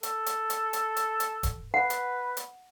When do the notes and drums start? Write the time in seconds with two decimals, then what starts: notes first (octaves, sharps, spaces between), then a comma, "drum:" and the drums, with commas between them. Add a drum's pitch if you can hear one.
0.03 A4, drum: hi-hat
0.26 drum: hi-hat
0.50 drum: hi-hat
0.73 drum: hi-hat
0.96 drum: hi-hat
1.20 drum: hi-hat
1.43 drum: kick D#1, hi-hat
1.74 B4 F#5
1.90 drum: hi-hat
2.37 drum: hi-hat